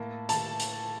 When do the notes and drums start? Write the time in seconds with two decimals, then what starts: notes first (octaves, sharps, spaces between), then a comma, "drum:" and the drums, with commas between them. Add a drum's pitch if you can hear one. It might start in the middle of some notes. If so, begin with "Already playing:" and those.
Already playing: A2 A#3 A5
0.29 A5, drum: hi-hat
0.60 drum: hi-hat